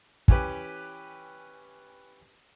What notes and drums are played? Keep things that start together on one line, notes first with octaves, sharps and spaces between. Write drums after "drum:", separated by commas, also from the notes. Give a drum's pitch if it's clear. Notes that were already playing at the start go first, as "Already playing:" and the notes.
E3 C#4 G4 B4, drum: kick